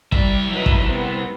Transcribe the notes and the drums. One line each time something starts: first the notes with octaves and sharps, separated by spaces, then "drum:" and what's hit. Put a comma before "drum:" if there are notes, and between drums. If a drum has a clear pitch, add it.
C2 G3 E5, drum: kick
F#3 D#4 B4
drum: kick
B3 C4